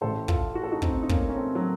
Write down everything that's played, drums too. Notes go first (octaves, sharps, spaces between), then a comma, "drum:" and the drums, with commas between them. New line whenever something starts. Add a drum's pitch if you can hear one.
A1 A2 A4 C5
F4 A4, drum: kick
F#4
A4
D#4 F#4
C4 D#4, drum: kick
D#4
A#3 C#4, drum: kick
C#4
A3 C4
F#3